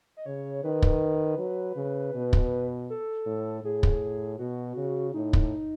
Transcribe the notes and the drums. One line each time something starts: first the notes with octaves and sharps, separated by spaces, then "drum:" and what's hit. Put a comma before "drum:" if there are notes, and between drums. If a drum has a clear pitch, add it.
D#5
C#3 C#5
D#3 B4
drum: kick
F#3
C#3
B2
drum: kick
A4
A2
A2 G#4
drum: kick
B2 F#4
C#3
A2 D#4
drum: kick